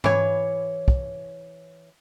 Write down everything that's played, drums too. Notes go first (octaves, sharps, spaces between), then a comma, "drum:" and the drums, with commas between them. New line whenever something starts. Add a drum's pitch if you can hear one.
E3 C#5, drum: tom G#2
drum: kick